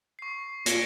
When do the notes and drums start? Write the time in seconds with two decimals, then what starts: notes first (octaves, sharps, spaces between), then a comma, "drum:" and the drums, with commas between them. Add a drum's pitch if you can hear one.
0.19 C#6 C7
0.66 A#2 A#6 C#7 D7, drum: hi-hat